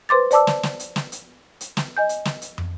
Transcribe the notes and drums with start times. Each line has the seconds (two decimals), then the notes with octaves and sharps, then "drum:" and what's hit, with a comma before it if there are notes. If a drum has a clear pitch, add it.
0.09 B4 C5 C6 D6 A6
0.31 C5 D5 A5 D6 E6, drum: hi-hat
0.47 drum: snare
0.63 drum: snare
0.80 drum: hi-hat
0.96 drum: snare
1.12 drum: hi-hat
1.61 drum: hi-hat
1.77 drum: snare
1.97 D#5 G#5 G6
2.09 drum: hi-hat
2.25 drum: snare
2.42 drum: hi-hat
2.58 drum: tom